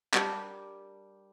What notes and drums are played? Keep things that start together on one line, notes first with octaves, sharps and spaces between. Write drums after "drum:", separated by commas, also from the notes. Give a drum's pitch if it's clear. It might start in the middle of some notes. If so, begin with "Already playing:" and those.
G3 D4 G4 A#4, drum: clap